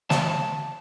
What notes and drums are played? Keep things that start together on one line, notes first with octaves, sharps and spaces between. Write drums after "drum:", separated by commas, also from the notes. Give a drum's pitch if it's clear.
A5, drum: snare